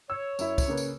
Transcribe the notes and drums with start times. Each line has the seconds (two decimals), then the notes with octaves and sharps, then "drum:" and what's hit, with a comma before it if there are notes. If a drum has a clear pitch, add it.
0.10 C#5 E6
0.39 F#2 E4, drum: tambourine
0.58 drum: kick C2, tambourine
0.68 C#3 A#3 B4
0.77 drum: tambourine